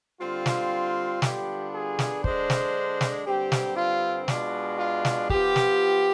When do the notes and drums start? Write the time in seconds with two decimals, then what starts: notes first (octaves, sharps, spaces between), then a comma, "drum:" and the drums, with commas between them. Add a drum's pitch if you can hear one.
0.20 D3 G3 C4 F4
0.46 drum: snare
1.22 D3 G3 B3 D4 F4 G4, drum: snare
1.73 G#4
1.99 drum: snare
2.24 D3 G#3 D4 C5, drum: kick
2.50 drum: snare
3.01 drum: snare
3.26 G2 D3 G3 C4 G4
3.52 drum: snare
3.77 F4
4.28 B2 G#3 D4 F4, drum: snare
4.79 F4
5.05 drum: snare
5.30 F3 B3 F4 G4, drum: kick
5.56 drum: snare